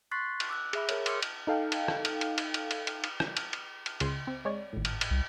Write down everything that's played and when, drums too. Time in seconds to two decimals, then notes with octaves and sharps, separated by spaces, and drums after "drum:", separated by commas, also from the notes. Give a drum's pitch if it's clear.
0.11 C6 C#6 F#6 A6 B6 C7
0.40 drum: cymbal
0.49 D6 E6 F#6
0.73 G#4 E5 B5, drum: cymbal
0.89 G#4 A#4 C#5, drum: cymbal
1.06 C6 D6 E6 F6 C#7, drum: cymbal
1.22 drum: cymbal
1.47 D#4 A4 F5 G5
1.72 drum: cymbal
1.88 drum: rim click
2.05 drum: cymbal
2.21 drum: cymbal
2.38 drum: cymbal
2.54 drum: cymbal
2.71 drum: cymbal
2.87 drum: cymbal
3.04 drum: cymbal
3.20 drum: rim click
3.37 drum: cymbal
3.53 drum: cymbal
3.86 drum: cymbal
4.00 C#2 C#3 C6, drum: cymbal
4.27 C4
4.45 G#3 C#5 D5
4.73 G#1 A2
4.85 drum: cymbal
5.01 drum: cymbal
5.11 C2